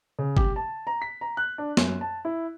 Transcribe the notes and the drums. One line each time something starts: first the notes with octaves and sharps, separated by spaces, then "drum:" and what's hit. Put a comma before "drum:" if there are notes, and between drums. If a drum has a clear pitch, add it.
C#3
G4, drum: kick G1
A5
A#5
B6
A#5
F#6
D4
F#2, drum: snare
A5
E4